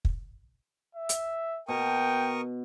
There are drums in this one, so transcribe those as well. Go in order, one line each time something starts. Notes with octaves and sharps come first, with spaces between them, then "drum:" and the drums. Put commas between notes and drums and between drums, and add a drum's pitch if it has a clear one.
drum: kick
E5
drum: hi-hat
B2 A#4 G5 C#6 D#6